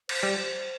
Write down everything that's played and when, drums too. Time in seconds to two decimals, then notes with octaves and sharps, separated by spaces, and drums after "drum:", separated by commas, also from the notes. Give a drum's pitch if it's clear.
0.09 C5, drum: cymbal
0.23 G3
0.38 C5